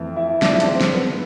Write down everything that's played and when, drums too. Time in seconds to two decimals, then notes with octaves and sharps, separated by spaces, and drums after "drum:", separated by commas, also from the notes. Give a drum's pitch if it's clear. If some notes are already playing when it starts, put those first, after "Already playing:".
Already playing: F2 E3 A3
0.16 E4
0.42 G#2 F3 A3 D4, drum: snare
0.53 E4
0.60 D4, drum: hi-hat
0.67 C4
0.81 drum: snare
0.94 B3